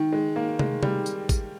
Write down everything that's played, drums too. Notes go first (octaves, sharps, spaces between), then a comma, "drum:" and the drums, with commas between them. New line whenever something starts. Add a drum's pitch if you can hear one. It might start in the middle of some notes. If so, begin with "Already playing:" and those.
Already playing: D#3
G#3
A#3
G#3, drum: tom C3
G3, drum: tom C3
drum: tambourine
drum: kick G#1, tambourine